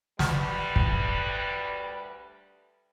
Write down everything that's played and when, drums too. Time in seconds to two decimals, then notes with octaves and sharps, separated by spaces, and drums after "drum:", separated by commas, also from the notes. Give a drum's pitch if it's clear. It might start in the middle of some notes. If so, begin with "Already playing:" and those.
0.19 D2 G3 B4, drum: snare
0.76 drum: kick